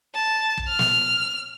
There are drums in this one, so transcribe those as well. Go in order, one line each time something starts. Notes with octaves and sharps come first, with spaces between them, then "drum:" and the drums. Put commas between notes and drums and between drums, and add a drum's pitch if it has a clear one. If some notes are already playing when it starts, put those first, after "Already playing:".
A5
drum: kick
F6
drum: snare